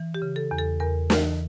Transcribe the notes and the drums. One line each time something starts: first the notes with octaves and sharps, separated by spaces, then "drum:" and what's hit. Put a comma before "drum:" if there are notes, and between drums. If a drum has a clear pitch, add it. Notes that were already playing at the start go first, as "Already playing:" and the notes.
Already playing: E3
G4
C#3
A4
E2
A4
E2 A#4
E3, drum: snare